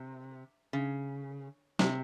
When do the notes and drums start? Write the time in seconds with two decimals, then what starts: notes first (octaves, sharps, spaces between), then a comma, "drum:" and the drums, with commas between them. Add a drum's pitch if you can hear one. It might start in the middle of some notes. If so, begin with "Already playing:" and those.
Already playing: C3
0.73 C#3
1.79 C3, drum: snare